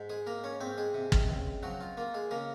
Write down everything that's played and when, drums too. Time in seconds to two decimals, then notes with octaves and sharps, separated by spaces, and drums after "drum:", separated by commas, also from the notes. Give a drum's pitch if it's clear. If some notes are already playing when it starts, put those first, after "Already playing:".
Already playing: G#2
0.09 G#3 G#4
0.27 A#3 A#4
0.44 C#4 C#5
0.61 G#2 C4 C5
0.78 G#3 G#4
0.94 C3
1.12 drum: kick
1.29 C#2
1.63 F3 F#3 F#4
1.81 F4
1.97 A#3 F4
2.14 G#3 G#4
2.31 C#3 A#3 A#4